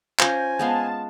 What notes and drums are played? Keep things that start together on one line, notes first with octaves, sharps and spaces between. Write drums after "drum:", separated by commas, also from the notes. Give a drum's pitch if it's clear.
C#4 F4 C5 G#5 G6 A#6, drum: clap
G#3 B3 F5 A5